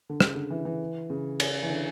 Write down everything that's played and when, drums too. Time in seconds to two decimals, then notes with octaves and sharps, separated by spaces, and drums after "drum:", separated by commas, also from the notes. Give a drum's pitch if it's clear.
0.09 D3
0.20 C#3, drum: rim click
0.35 D3
0.50 E3
0.65 E3
1.10 C#3
1.40 drum: cymbal
1.63 E3
1.70 D3